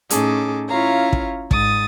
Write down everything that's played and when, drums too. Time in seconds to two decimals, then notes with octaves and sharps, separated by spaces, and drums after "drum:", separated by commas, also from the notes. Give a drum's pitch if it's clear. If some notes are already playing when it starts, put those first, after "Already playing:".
0.10 A2 C#4 D#4 G#4 A4 D6, drum: hi-hat
0.69 C#4 E4 F4 C#5 F5 A#5
1.13 drum: kick
1.51 G#2 D#6 A6, drum: kick